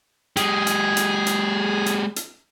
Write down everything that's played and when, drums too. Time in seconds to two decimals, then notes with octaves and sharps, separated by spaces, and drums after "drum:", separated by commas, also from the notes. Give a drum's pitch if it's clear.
0.37 G#3 G4 G#4, drum: hi-hat
0.67 drum: hi-hat
0.97 drum: hi-hat
1.27 drum: hi-hat
1.86 drum: hi-hat
2.16 drum: hi-hat